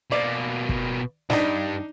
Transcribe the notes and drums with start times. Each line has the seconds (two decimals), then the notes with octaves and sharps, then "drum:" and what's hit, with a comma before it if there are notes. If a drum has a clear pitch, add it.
0.12 B2 A#3 D5
0.69 drum: kick
1.30 G2 D4 D#4, drum: snare